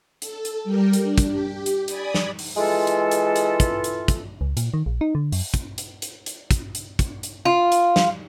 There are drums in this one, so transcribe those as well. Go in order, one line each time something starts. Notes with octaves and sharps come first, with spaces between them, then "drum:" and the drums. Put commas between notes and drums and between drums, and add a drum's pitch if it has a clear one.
A4, drum: hi-hat
drum: hi-hat
G3 G4 A#4
drum: hi-hat
D4
drum: kick, hi-hat
G4
drum: hi-hat
D5 G#5 B5 D#6, drum: hi-hat
drum: snare
drum: open hi-hat
E3 G#3 F4 A4
drum: hi-hat
drum: hi-hat
drum: hi-hat
drum: kick, hi-hat
drum: hi-hat
drum: kick, hi-hat
C#2
A#2, drum: hi-hat
D#3
A#1
D#4
D3
F#2, drum: open hi-hat
drum: kick, hi-hat
drum: hi-hat
drum: hi-hat
drum: hi-hat
drum: kick, hi-hat
drum: hi-hat
drum: kick, hi-hat
drum: hi-hat
F4
drum: hi-hat
drum: snare